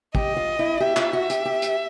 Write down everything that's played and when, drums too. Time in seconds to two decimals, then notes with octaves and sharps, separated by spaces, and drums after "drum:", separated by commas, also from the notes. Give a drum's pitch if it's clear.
0.15 G4 D#5, drum: kick
0.36 F4
0.59 E4
0.80 G4 E5
0.96 F4, drum: clap
1.13 F#4
1.30 G4, drum: hi-hat
1.45 G4
1.62 drum: hi-hat